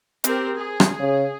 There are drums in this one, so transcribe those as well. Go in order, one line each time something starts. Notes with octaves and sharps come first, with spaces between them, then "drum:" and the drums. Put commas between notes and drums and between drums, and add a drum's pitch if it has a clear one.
C4 G4 A#4, drum: hi-hat
G#4
drum: rim click
C#3